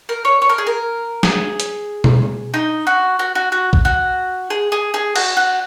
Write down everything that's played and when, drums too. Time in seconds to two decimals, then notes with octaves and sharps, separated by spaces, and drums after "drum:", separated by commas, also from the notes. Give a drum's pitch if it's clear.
0.09 A#4
0.25 C#5
0.42 C#5
0.49 A#4
0.58 G#4
0.67 A#4
1.23 G#4, drum: snare
1.60 drum: hi-hat
2.04 drum: tom B2
2.54 D#4
2.87 F#4
3.19 F#4
3.35 F#4
3.52 F#4
3.73 drum: kick A#1
3.85 F#4
4.50 G#4
4.72 G#4
4.94 G#4
5.16 F#4, drum: cymbal
5.37 F#4